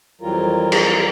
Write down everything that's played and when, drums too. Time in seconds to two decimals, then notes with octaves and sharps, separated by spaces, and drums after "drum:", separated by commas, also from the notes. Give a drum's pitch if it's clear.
0.21 F2 E3 F#3 G3 F4 A#4
0.72 drum: cymbal